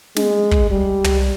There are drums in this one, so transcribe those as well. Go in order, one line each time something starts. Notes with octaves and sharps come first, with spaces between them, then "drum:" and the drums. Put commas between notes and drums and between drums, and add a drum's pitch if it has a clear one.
G#3, drum: snare
drum: kick
G3
drum: tom